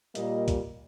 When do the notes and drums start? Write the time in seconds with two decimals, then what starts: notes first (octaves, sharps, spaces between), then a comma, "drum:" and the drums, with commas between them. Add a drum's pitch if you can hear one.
0.15 A#2 G3 A#3 D#5, drum: hi-hat
0.48 drum: kick, hi-hat